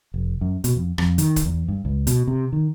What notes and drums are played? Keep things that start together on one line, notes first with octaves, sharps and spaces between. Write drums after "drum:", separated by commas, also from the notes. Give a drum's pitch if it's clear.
F1
F#2
B2, drum: hi-hat
F2
F2, drum: rim click
D#3, drum: hi-hat
drum: kick, hi-hat
E2
G2
C#2
B2, drum: hi-hat
C3
D#3